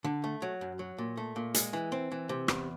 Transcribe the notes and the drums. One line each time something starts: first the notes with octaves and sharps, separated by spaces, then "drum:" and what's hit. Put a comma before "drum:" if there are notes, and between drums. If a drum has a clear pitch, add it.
D3
A3
F#3
F#2
F#3
A#2
A3
A#2
G#3, drum: hi-hat
E3
C4
E3
C3
E2, drum: rim click